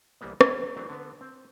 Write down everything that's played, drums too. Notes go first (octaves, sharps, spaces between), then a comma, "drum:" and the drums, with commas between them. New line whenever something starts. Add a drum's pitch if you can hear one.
C2 E3 G3 A#3 B3
C#4 G#4 C#5 D#5 E5 F#5, drum: rim click
E3 F#3 A3 C4 D4
D3 B3
C4